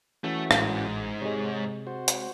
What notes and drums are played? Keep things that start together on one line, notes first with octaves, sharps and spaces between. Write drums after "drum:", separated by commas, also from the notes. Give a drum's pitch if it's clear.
E3 A3 C#4 F#4
A1 G#2, drum: rim click
C3 G#3 C#5
F#4 C5
drum: hi-hat